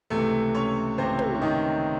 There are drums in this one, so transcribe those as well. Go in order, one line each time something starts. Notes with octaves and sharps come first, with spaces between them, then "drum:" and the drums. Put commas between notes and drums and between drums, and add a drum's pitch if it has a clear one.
C#2 C3 E3 A3 A4
C#4 C#5
C#2 C3 E3 C4 C5
drum: tom
C#4
D#3 D#4